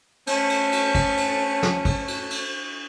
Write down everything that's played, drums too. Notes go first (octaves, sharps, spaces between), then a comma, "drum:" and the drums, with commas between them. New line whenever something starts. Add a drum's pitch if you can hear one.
A3 C#4, drum: cymbal
drum: cymbal
drum: cymbal
drum: kick, cymbal
drum: cymbal
drum: snare
drum: kick, cymbal
drum: cymbal
drum: cymbal